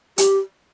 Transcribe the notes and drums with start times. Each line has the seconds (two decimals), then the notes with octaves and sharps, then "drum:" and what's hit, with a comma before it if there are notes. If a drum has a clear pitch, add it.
0.18 G4, drum: hi-hat